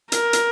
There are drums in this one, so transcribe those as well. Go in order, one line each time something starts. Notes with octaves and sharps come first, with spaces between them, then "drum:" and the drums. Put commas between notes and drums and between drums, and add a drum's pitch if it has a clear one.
A#4, drum: hi-hat
drum: hi-hat